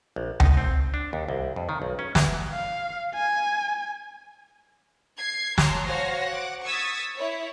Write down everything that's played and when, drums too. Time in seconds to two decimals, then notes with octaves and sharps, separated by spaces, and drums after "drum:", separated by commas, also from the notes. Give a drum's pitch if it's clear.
0.16 A#1
0.40 D#4, drum: tom C#2
0.57 C4
0.94 D4
1.13 D#2
1.28 C2
1.56 F2
1.69 D#3
1.82 B1
1.99 C#4
2.15 E2, drum: snare
2.53 F5
3.15 G#5
5.16 G#6 C7
5.58 C#5 A5 A#5 C6, drum: snare
5.87 F#4 C5 C#5 F5 G#5 A#6
6.27 F#5 D6
6.64 C#6 D#6 E6 G#6 A6 B6
7.17 E4 C#5